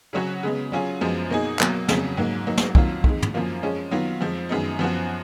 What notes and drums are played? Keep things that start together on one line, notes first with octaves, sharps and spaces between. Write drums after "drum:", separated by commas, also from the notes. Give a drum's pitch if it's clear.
C#3 F#3 C#4 F#4 C#5
C#3 G#3 B3
F#3 C#4 F4 G#4
F#2 F3 G#3 B3
B2 A#3 D#4 G#4
B2 F#3 A#3, drum: clap
F2 C#3 F#3 C#4, drum: snare
G#2 F#3 A#3
F#3 A#3 D#4
drum: snare
F2 D#3 F#3 A#3 F4, drum: kick
F2 D#3 G#3, drum: kick
drum: tom
F#2 F3 A#3 F4
F3 G#3 C#4
D#3 F#3 B3 F4
F2 F3 G#3
F#2 D#3 G#3 B3 D#4
F#2 F3 B3 F#4